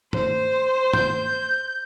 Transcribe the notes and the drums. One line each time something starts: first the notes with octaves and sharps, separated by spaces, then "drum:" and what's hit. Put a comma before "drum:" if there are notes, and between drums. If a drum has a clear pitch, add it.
C5, drum: tom
G6, drum: tom